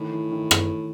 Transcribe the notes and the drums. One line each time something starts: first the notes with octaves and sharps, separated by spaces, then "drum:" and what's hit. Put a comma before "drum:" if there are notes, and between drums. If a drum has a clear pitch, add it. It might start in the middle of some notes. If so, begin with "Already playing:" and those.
Already playing: A2 D#3
E3
D#3
drum: rim click